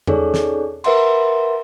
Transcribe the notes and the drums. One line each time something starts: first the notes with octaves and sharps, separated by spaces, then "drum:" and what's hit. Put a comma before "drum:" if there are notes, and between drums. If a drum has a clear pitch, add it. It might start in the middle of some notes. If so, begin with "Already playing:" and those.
C#4 D#4 G#4 A4 C#5 D5, drum: tom E2
drum: snare
A#4 B4 E5 F#5 C6, drum: cymbal